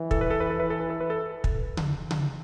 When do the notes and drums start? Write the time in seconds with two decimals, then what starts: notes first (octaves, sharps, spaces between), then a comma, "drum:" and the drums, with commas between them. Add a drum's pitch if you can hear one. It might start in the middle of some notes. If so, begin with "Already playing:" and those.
Already playing: E3
0.11 A4, drum: kick
0.21 B4
0.30 A4
0.40 B4
0.50 A4
0.60 E3 B4
0.70 A4
0.80 B4
0.90 A4
1.01 B4
1.10 A4
1.44 drum: kick
1.77 drum: tom C#3
2.11 drum: tom C#3